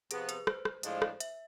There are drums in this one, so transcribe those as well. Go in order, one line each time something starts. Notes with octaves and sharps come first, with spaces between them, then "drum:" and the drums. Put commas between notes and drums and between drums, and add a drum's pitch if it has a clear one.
C3 F3 B3 G#4, drum: hi-hat
B4, drum: hi-hat
C5, drum: rim click
drum: rim click
A2 F3 G#3 D4 F4, drum: hi-hat
drum: rim click
E5, drum: hi-hat